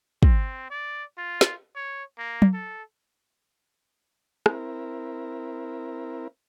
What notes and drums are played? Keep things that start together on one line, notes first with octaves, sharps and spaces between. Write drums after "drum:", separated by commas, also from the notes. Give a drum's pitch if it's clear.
C4, drum: kick
D5
F4
drum: snare
C#5
A#3
drum: tom F#3
A4
C4 E4 A#4, drum: rim click